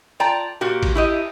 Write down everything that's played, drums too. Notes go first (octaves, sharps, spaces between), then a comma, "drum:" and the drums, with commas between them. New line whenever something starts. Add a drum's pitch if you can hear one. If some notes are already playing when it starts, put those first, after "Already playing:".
F4 D5 G5 A5 A#5
A#2 A#3 F#4 G4
drum: kick A1, cymbal
E4 G4 D#5